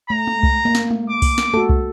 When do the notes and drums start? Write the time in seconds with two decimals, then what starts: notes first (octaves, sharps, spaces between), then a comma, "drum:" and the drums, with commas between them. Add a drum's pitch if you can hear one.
0.10 A3 A#5
0.27 drum: tom G#3
0.43 drum: kick C2
0.65 A#3
0.75 drum: snare
0.90 drum: tom G#3
1.10 D6
1.22 drum: kick C2, open hi-hat
1.38 drum: snare
1.54 F#4 A4, drum: tom G#3
1.69 drum: kick C2